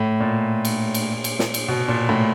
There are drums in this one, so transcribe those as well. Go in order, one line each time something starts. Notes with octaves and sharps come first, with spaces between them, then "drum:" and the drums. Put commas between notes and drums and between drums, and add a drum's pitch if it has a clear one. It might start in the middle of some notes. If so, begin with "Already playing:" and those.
Already playing: A2
A#2
drum: cymbal
drum: cymbal
drum: cymbal
drum: snare
drum: cymbal
B2
A#2
A2